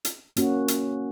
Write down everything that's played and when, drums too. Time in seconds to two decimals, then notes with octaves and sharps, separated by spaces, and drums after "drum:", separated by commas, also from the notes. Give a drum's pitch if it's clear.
0.05 drum: hi-hat
0.37 A#3 C#4 F#4, drum: hi-hat
0.68 drum: hi-hat